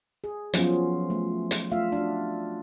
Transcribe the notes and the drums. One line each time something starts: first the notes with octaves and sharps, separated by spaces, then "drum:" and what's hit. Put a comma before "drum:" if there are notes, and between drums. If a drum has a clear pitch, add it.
G#4
F3 F#3 B3 C#4 F4, drum: hi-hat
A3
drum: hi-hat
A3 F4 E5 F5
D4 F#4